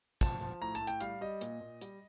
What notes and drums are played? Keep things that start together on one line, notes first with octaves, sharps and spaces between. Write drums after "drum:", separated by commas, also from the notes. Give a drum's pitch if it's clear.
F3 A5, drum: kick, hi-hat
F3
A2 A#5
A5, drum: hi-hat
A2
G5, drum: hi-hat
G3 F5, drum: hi-hat
G3 D#5
A#2, drum: hi-hat
A#2
G3, drum: hi-hat